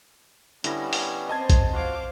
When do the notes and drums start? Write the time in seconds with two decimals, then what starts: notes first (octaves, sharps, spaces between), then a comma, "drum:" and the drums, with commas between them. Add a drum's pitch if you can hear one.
0.64 D3 G3 B3 C#4 E4 A#6, drum: hi-hat
0.93 drum: open hi-hat
1.29 C4 C5 D#5 A5 G#6
1.50 drum: kick, hi-hat
1.72 F4 F#4 C5 F5 D6